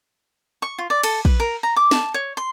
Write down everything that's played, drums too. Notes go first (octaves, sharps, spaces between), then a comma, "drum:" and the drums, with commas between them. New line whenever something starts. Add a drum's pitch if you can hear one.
C#6
F4
D5
A4, drum: cymbal
B4, drum: kick
A#4
A#5
D6
A5, drum: snare
C#5
C6